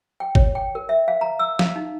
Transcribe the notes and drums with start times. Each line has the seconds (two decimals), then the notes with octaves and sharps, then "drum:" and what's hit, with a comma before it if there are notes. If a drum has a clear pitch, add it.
0.20 G5
0.35 C#5, drum: kick G#1
0.55 G5
0.75 A#4
0.89 E5
1.08 F5
1.21 A#5
1.39 E6
1.59 F5, drum: snare
1.76 D#4